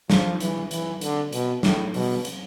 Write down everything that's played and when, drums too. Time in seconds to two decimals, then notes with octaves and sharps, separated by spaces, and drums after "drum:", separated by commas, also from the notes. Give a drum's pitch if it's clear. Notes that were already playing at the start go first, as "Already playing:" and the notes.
0.10 F3, drum: snare
0.40 E3, drum: hi-hat
0.71 E3, drum: hi-hat
1.01 D3, drum: hi-hat
1.32 B2, drum: hi-hat
1.63 A2, drum: snare
1.94 B2, drum: open hi-hat
2.25 drum: hi-hat